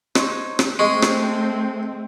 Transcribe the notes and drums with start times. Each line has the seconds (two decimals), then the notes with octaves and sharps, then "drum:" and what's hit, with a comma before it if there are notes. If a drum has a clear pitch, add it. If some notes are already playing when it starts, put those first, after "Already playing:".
0.15 D#4 C5 C#5, drum: rim click
0.59 drum: rim click
0.79 G#3 A3 C4 C#6
1.02 drum: rim click